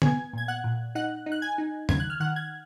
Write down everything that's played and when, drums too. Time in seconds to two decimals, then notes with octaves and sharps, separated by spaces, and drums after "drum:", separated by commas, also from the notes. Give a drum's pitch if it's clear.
0.02 B3 G#5 G#6, drum: tom
0.33 A#2 G#6
0.48 F#5 F#6
0.64 A#2
0.95 D#4 F#5 F#6
1.26 D#4
1.32 F#6
1.42 G#5 G#6
1.58 D#4
1.89 D#3 G#6, drum: tom E2
2.00 F#6
2.10 F6
2.20 D#3 F#5 F#6
2.36 G#6